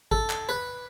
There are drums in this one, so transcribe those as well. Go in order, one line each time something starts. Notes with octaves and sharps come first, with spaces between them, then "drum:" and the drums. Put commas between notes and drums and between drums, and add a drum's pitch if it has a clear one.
A4, drum: kick G#1
drum: clap
B4